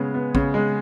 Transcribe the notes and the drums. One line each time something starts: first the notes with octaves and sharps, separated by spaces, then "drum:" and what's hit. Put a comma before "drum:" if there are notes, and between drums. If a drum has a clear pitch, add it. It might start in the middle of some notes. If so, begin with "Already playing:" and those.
Already playing: C#3 G#3 B3
B3
C#3, drum: kick A1
G#3